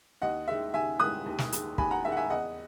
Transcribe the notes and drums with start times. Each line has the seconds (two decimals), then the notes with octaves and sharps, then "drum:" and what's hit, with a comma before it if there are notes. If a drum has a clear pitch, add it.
0.22 D#2 D#5 F#5
0.48 D#3 G#3 E5
0.74 D#2 E5 G#5
1.00 D#3 G#3 D#6 F#6
1.26 D#2
1.38 drum: snare
1.52 D#3 G#3, drum: hi-hat
1.78 D#2 G#5 B5, drum: kick
1.91 F#5 A#5
2.05 D#3 G#3 E5
2.12 F#5
2.17 E5 G#5
2.30 E2 D#5 F#5